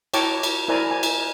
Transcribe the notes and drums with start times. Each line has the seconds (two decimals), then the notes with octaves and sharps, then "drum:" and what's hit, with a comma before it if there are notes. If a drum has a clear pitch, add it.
0.14 E4 C#5 G5 A5 A#5 D6, drum: cymbal
0.43 drum: cymbal
0.68 E4 A#4 C5 D5 G#5 A#5
0.91 G#5
1.03 drum: cymbal